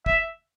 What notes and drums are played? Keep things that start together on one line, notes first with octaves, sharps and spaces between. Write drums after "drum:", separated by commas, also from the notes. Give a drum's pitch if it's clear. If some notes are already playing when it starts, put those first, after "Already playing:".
E5, drum: kick